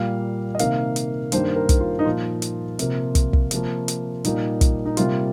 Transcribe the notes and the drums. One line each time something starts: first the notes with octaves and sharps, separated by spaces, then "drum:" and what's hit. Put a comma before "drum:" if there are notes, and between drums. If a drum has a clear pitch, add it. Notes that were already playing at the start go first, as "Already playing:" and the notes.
Already playing: A#2 G3 A#3 F5
D#5
C3 D#3 A#3 F5, drum: hi-hat
drum: hi-hat
G2 D#3 G3 A#3 C5, drum: hi-hat
A#4
drum: kick, hi-hat
F4
D#4
A#2 F3 A#3 F4
drum: hi-hat
C3 F3 A#3, drum: hi-hat
drum: kick, hi-hat
drum: kick
C3 F3 A#3, drum: hi-hat
drum: hi-hat
A#2 G3 A#3 D#4, drum: hi-hat
drum: kick, hi-hat
D#4
C3 G3 A#3 F4, drum: hi-hat